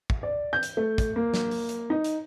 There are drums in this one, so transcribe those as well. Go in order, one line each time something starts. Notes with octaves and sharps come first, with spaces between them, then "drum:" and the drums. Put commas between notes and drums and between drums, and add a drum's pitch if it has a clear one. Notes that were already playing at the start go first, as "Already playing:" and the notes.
drum: kick
D5
G6
drum: hi-hat
A3
drum: kick, hi-hat
A#3
drum: snare
drum: open hi-hat
drum: hi-hat
D#4
drum: hi-hat